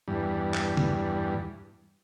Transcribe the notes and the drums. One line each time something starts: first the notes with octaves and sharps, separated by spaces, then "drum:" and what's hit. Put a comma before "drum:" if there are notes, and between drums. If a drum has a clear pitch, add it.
E2 G2
drum: clap
drum: tom